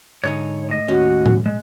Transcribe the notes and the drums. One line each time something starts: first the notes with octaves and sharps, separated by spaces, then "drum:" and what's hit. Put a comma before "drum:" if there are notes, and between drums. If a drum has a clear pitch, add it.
G#2 D3 D#4 C#5
A2 D#5
D#2 C#4 F#4
drum: tom A2
G#3